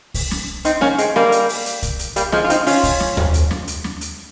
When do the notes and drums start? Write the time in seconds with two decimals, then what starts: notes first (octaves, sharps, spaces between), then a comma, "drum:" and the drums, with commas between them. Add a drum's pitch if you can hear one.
0.14 drum: kick C2, open hi-hat
0.31 drum: snare
0.65 C4 D#4, drum: hi-hat
0.81 A#3 C#4, drum: snare
0.98 G#3 C4, drum: hi-hat
1.16 G3 A#3, drum: snare
1.32 drum: hi-hat
1.49 drum: open hi-hat
1.66 drum: hi-hat
1.83 drum: kick C2, hi-hat
1.99 drum: hi-hat
2.16 G3 A#3, drum: hi-hat
2.32 F3 G#3, drum: snare
2.44 F4
2.50 C4 D#4, drum: hi-hat
2.67 C#4 F4, drum: open hi-hat
2.83 drum: kick C2, open hi-hat
3.00 drum: snare
3.17 drum: tom D#2
3.34 drum: hi-hat
3.51 drum: snare
3.67 drum: hi-hat
3.84 drum: snare
4.01 drum: hi-hat